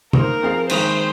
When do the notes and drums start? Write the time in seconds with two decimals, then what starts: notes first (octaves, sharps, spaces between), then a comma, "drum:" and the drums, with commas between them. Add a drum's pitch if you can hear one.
0.13 A#3 D#4 A#4 C5, drum: tom
0.42 F3 C4 G#4 F5
0.69 D#3 G#3 D#4 G#4 C5, drum: cymbal